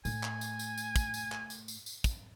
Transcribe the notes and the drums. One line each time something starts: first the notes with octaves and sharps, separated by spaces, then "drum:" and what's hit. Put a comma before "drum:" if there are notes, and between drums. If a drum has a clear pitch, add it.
A2 G#5, drum: tambourine
drum: clap
drum: tambourine
drum: tambourine
drum: tambourine
drum: kick, tambourine
drum: tambourine
drum: clap
drum: tambourine
drum: tambourine
drum: tambourine
drum: kick, tambourine